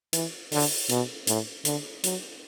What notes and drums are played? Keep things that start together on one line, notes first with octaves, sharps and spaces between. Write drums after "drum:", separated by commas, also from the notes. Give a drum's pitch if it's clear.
E3, drum: hi-hat
D3, drum: open hi-hat
B2, drum: hi-hat
A2, drum: hi-hat
D3, drum: hi-hat
F#3, drum: hi-hat